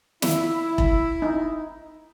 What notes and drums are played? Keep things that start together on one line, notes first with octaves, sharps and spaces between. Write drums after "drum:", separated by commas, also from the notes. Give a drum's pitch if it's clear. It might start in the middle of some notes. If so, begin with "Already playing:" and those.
E4, drum: snare
drum: kick E1
D#4